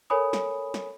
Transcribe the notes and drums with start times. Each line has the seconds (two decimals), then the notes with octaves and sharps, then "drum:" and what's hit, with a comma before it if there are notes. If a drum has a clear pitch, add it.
0.10 A4 A#4 C#5 G#5 B5 D#6
0.33 drum: snare
0.74 drum: snare